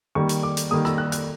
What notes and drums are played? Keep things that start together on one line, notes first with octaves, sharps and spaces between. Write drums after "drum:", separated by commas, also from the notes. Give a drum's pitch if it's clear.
D#3 G3 A#3 C#6
drum: hi-hat
D6
drum: hi-hat
D#3 G3 A#3 D#6
E6, drum: rim click
F#6
F#6, drum: hi-hat